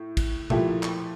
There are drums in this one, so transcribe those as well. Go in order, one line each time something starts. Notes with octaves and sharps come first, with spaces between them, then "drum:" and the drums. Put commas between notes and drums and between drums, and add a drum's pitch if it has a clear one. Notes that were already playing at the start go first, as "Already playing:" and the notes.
Already playing: A2
drum: kick, cymbal
A#2 F3 A3 E4 G4, drum: tom B2
drum: clap